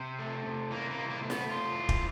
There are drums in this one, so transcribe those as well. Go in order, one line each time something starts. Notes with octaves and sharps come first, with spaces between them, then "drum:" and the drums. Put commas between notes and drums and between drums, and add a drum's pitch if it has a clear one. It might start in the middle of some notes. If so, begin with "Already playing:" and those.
Already playing: C3
A3
C3
E3 A#3
A#3
C3
A#3
A3
B3, drum: snare
C3 F4
E3
drum: kick